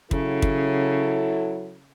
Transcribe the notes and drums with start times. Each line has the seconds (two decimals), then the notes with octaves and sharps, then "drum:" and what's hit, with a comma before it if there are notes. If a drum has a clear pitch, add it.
0.11 C#3 F#3 E4 A4, drum: kick
0.42 drum: kick